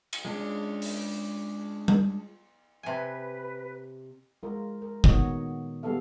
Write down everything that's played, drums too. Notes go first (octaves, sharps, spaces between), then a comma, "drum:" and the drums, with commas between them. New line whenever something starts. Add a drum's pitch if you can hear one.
drum: cymbal
G#3 C#4 D4 F4 G#4
drum: open hi-hat
drum: tom
C3 B4 G#5
G#3 F4 A#4
A#4
A#2 D#3 B3 F#4 C#5 D#5, drum: kick
G3 A#3 B3 G#4 A4 F5